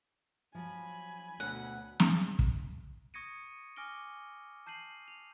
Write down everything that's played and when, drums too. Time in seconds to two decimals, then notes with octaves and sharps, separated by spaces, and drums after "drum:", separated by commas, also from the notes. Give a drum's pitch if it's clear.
0.55 F3 F#3 G#5 B5
1.40 D2 B2 F#4 C#5 F#5
2.00 drum: snare
2.39 drum: kick
3.14 C#6 D#6 G#6 A#6 C#7 D#7
3.76 G#5 D6 F6 A#6 D7 G7
4.67 A5 G6 C7 D#7 F#7
5.08 F7